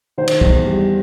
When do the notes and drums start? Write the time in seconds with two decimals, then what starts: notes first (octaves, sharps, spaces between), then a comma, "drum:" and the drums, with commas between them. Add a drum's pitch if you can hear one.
0.18 D#3 C5
0.28 drum: cymbal
0.41 E2, drum: kick
0.66 G3